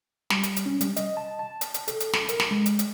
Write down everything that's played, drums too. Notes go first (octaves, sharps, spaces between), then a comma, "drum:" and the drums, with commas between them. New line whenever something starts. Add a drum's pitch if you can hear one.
G3, drum: snare
drum: hi-hat
drum: hi-hat
C#4
G3, drum: hi-hat
D#5, drum: hi-hat
A5
A5
drum: hi-hat
drum: hi-hat
A4, drum: hi-hat
drum: hi-hat
drum: snare
A#4, drum: hi-hat
drum: snare
G#3
drum: hi-hat
drum: hi-hat